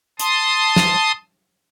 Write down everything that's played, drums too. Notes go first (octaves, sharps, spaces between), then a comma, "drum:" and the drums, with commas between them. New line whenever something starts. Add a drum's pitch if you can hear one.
A5 C6 D#6, drum: hi-hat
drum: snare